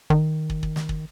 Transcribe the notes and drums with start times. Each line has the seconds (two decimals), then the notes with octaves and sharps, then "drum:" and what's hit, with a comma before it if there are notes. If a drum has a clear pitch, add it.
0.10 D#3, drum: kick
0.50 drum: kick
0.63 drum: kick
0.76 drum: snare
0.89 drum: kick